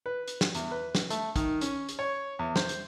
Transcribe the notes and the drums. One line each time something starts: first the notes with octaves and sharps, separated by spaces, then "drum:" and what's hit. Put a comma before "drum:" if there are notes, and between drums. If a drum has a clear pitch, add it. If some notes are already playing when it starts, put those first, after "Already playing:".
B4
drum: hi-hat
drum: snare
E2, drum: hi-hat
B4
drum: snare
A3, drum: hi-hat
D#3, drum: kick, hi-hat
C#4, drum: hi-hat
drum: hi-hat
C#5
E2
C5, drum: snare
drum: hi-hat